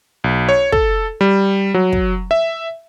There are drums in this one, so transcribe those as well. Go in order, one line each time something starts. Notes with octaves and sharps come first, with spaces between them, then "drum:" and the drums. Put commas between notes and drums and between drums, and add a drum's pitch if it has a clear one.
B1
C#5
A4, drum: kick
G3
F#3
drum: kick
E5